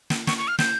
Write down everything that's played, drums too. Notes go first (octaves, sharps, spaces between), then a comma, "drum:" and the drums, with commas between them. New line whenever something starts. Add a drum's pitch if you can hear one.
drum: snare
C#6, drum: snare
C#6
F6
G6, drum: snare